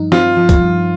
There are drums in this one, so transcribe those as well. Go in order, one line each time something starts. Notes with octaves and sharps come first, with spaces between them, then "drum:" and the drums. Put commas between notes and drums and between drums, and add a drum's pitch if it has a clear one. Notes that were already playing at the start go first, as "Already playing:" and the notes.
Already playing: G2 F3 D#4
C4 F4, drum: snare
F3
drum: kick, hi-hat
G2